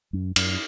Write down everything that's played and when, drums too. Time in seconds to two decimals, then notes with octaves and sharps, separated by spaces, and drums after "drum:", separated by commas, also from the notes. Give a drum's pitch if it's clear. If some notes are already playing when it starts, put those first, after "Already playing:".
0.13 F#2
0.36 F#2, drum: cymbal